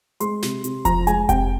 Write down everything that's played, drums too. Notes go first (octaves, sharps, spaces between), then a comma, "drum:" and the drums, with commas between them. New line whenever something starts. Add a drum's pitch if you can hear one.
G#3 C6, drum: hi-hat
C3, drum: snare
C3, drum: hi-hat
F3 A#5, drum: kick F1, hi-hat
G#3 G#5, drum: hi-hat
C3 G5, drum: kick F1, hi-hat